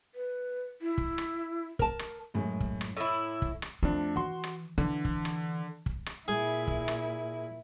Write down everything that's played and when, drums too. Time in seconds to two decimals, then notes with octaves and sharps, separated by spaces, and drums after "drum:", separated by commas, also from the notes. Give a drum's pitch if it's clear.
0.15 B4
0.82 E4
0.98 drum: kick
1.18 drum: rim click
1.79 A#4 A5, drum: kick
1.99 drum: rim click
2.34 F#2 A2 G#3
2.60 drum: kick
2.81 drum: rim click
2.97 A2 E4 C#6
3.42 drum: kick
3.62 drum: rim click
3.83 F2 A3 D4
4.16 E3 F#4 C6
4.44 drum: rim click
4.78 D3 E3
5.05 drum: kick
5.25 drum: rim click
5.86 drum: kick
6.06 drum: rim click
6.28 A#2 E4 G#4
6.67 drum: kick
6.88 drum: rim click